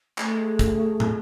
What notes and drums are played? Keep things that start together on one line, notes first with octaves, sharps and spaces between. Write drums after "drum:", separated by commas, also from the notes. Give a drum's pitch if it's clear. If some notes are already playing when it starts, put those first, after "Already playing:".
G#3 A3, drum: clap
drum: kick, hi-hat
drum: tom